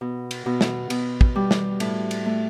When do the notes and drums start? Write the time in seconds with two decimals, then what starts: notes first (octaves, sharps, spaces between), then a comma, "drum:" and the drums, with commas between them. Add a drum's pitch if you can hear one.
0.01 B2
0.31 drum: cymbal
0.46 B2
0.61 drum: snare
0.90 B2, drum: cymbal
1.21 drum: kick
1.35 G3
1.51 drum: snare
1.80 A2, drum: cymbal
2.11 drum: cymbal
2.26 A3